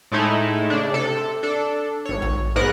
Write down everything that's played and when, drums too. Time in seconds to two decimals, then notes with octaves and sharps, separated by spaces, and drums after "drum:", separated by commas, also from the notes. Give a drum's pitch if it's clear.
0.12 A2 G#3 A3 D#4 E4
0.70 C#3 D4
0.93 C3 A4
1.43 D4 A4
2.05 G#1 C#5
2.22 drum: tom A#1
2.56 B1 G#2 B3 A#4 F#5 F#6